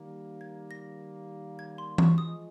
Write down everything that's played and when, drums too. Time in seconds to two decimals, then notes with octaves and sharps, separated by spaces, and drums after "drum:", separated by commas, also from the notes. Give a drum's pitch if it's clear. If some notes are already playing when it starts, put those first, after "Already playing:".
Already playing: D#3 G3 A#3
0.41 G#6
0.71 A#6
1.59 G#6
1.78 C6
1.98 C#6, drum: tom E3
2.18 F3 G#3 D#6